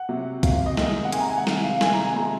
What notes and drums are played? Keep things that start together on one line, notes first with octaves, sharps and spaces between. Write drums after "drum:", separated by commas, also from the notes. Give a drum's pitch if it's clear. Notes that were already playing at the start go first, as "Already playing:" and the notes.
Already playing: F#5
C3 F#3
C3 F#3 F5, drum: kick, hi-hat
D#5
C3 D#3 G#3, drum: snare
F#5
C3 D#3 G#3 G#5, drum: hi-hat
A#5
G#5
F#5
C3 D#3 G#3, drum: snare
F5
C3 D#3 G#3 G#5, drum: snare
A#5
G#5
C3 F3 G#3 A#5